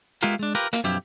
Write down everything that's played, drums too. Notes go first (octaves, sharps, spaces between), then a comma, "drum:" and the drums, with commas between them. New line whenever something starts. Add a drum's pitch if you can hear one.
G#3 B3 E4 F4 G4 A#4
G#3 D4
F4 G4 A#4 B4
A#3, drum: hi-hat
B1 F#2 F3 E4 G4